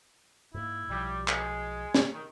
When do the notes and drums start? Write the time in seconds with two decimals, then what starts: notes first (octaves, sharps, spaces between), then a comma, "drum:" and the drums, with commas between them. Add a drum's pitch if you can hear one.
0.54 G#2 A#3 E4
0.89 B1 F3 G3
1.28 G#3 G#5, drum: clap
1.94 drum: snare
2.13 D#3